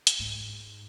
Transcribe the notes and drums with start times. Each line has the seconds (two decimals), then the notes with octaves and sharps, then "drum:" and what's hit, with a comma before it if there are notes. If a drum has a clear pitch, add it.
0.07 drum: hi-hat
0.19 G#2